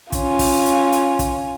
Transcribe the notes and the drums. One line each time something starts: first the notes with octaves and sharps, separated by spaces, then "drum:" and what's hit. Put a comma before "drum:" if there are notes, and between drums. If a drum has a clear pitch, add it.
C#4 F4, drum: kick, hi-hat
drum: kick, open hi-hat
drum: hi-hat
drum: hi-hat
drum: kick, hi-hat